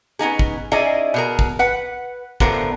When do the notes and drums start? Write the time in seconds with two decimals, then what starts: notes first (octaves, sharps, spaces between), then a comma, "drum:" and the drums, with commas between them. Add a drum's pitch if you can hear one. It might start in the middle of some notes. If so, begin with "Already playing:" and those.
0.19 B3 C#4 D#4 G#4
0.39 drum: kick
0.72 C#4 D#4 E4 G#4 D5 D#5
1.14 B2 G#4 A#4
1.39 drum: kick
1.59 B4 F#5
2.40 A2 D3 B3 F4 A#4 C5, drum: kick